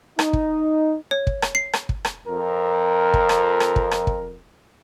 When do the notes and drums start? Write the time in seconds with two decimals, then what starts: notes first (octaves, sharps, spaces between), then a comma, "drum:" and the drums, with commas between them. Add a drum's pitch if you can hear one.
0.19 D#4, drum: rim click
0.33 drum: kick
1.11 C#5
1.27 drum: kick
1.42 drum: rim click
1.55 C7
1.73 drum: rim click
1.89 drum: kick
2.05 drum: rim click
2.27 F2 A#4
3.14 drum: kick
3.29 drum: rim click
3.60 drum: rim click
3.76 drum: kick
3.91 drum: rim click
4.07 drum: kick